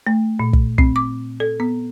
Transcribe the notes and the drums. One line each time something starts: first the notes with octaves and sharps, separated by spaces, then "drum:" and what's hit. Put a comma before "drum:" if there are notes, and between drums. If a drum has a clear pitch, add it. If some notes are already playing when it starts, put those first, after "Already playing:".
A3
A#2
drum: kick
C4, drum: kick
D6
A4
B3